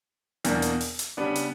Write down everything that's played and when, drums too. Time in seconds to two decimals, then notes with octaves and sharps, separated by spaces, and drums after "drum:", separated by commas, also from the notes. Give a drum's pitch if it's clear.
0.45 E2 B2 A#3 D4, drum: hi-hat
0.62 drum: hi-hat
0.81 drum: open hi-hat
0.99 drum: hi-hat
1.17 C#3 G3 B3 D4
1.36 drum: hi-hat